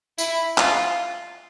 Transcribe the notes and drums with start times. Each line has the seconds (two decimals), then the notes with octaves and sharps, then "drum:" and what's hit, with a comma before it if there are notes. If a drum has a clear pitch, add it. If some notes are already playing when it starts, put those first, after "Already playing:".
0.18 E4, drum: tambourine
0.58 F4, drum: clap